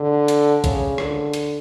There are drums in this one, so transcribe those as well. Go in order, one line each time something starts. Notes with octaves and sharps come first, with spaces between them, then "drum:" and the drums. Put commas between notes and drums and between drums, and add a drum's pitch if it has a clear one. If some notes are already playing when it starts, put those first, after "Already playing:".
Already playing: D3
drum: hi-hat
C#3, drum: kick, hi-hat
D3, drum: rim click
drum: hi-hat